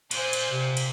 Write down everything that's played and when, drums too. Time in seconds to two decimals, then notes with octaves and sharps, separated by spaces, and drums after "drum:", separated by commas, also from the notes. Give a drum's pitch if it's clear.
0.11 A#2 C5 G#5 F#6 G6, drum: cymbal
0.33 drum: cymbal
0.48 C3
0.77 drum: cymbal